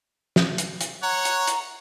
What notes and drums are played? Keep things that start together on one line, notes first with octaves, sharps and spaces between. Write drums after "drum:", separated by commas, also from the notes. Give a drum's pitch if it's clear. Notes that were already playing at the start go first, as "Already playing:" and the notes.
drum: snare
drum: hi-hat
drum: hi-hat
C#5 F#5 A#5
drum: hi-hat
drum: hi-hat